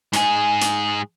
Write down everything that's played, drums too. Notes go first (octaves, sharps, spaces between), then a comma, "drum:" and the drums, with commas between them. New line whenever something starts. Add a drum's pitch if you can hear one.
G#2 G#4, drum: hi-hat
drum: hi-hat